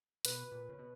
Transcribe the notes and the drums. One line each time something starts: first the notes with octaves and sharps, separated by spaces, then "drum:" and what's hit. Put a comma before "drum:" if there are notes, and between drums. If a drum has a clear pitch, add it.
B2 B4, drum: hi-hat
A#2
C#3
B2